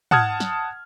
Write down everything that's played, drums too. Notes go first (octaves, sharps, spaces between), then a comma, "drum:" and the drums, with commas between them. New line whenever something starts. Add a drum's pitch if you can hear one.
F#5 A5 D#6 F6 G#6, drum: tom
drum: snare